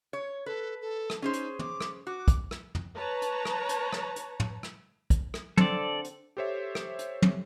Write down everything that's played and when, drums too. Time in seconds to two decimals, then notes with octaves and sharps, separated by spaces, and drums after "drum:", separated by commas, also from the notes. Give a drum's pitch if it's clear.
0.13 C#5
0.46 A4 B4
0.82 A4
1.10 drum: rim click
1.22 C#4 D#4 G#4 C5
1.33 drum: hi-hat
1.59 D6, drum: tom
1.81 drum: rim click
2.07 F#4 D6
2.28 drum: kick, hi-hat
2.51 drum: rim click
2.75 drum: tom
2.94 B4 C#5 A5 A#5
3.22 drum: hi-hat
3.45 drum: rim click
3.69 drum: hi-hat
3.93 drum: rim click
4.16 drum: hi-hat
4.40 drum: tom
4.63 drum: rim click
5.10 drum: kick, hi-hat
5.34 drum: rim click
5.57 D3 C4 A4 D5, drum: tom
6.05 drum: hi-hat
6.37 G4 A4 C5 C#5 E5
6.75 drum: rim click
6.99 drum: hi-hat
7.22 drum: tom